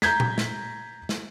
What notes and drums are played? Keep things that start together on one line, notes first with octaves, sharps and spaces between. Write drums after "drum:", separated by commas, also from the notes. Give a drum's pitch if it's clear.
A#5 G6 G#6 B6, drum: snare
drum: tom A#2
drum: snare
drum: snare